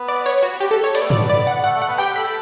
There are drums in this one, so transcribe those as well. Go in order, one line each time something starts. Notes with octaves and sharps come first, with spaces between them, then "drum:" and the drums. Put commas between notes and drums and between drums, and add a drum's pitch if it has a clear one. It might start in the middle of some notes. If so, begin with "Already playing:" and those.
Already playing: B3
D5
C#5, drum: tambourine
F#4
G4
A4
C#5
B3 D5, drum: hi-hat
A3
B3 D5, drum: tom
D5
F#5
A3 F#5
A3
F#5
B3
G4 G5
A4 B5